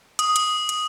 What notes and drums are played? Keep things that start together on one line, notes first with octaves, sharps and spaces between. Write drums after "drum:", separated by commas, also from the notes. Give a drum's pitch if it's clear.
D#6, drum: hi-hat
drum: hi-hat
drum: hi-hat